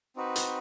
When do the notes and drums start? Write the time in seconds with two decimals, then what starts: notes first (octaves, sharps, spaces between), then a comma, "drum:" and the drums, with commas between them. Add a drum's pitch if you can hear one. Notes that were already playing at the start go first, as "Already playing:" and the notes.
0.16 C4 D#4 F#4 B4
0.36 drum: hi-hat